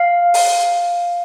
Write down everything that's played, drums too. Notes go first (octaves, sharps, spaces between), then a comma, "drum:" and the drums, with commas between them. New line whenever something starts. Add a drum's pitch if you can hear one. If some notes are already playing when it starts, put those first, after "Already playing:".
Already playing: F5
drum: open hi-hat